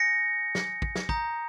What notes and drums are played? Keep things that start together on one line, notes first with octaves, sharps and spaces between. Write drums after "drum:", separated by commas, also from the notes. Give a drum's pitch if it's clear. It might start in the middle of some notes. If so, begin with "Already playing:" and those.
Already playing: G#5 D#6 G6 A#6 C#7
drum: snare
drum: kick
drum: snare
A#5 D#6 G6, drum: kick